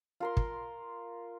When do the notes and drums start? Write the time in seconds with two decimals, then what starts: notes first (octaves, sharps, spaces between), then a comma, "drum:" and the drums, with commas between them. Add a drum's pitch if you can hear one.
0.20 F4 A#4 C6
0.37 drum: kick